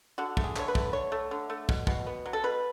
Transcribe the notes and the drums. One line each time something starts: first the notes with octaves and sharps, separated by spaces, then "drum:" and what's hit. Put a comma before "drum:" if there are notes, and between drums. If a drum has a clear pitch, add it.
D3 F#4
A3, drum: kick
G#4
D3 C#5, drum: clap
B4
A3, drum: kick
D3 C#5
A3
D3
A3
B2, drum: kick
B2, drum: kick
B3
F#3
A4
B2 B4